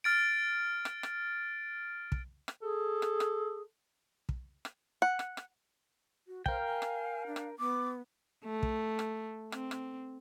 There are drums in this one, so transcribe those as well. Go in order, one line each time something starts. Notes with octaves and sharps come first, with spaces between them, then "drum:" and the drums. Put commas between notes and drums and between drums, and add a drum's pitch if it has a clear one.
F6 A6 D7
drum: rim click
drum: rim click
drum: kick
drum: rim click
G#4 A4
drum: rim click
drum: rim click
drum: kick
drum: rim click
F#5
drum: rim click
drum: rim click
F#4
A#4 C5 F5 G5, drum: kick
G#5
drum: rim click
D4
drum: rim click
B3 D6
A3
drum: kick
drum: rim click
C4, drum: rim click
drum: rim click